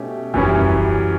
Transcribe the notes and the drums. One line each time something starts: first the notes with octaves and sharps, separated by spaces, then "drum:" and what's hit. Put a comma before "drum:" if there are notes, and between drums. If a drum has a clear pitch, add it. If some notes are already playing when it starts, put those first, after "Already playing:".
Already playing: B2 A3 C#4 G4
F#2 E3 G3 C#4, drum: kick E1
drum: kick E1